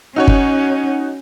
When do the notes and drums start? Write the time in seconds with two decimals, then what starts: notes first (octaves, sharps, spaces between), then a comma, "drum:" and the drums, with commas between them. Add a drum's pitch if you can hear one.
0.16 C#4 D#4 F#4 C#5
0.28 drum: kick G1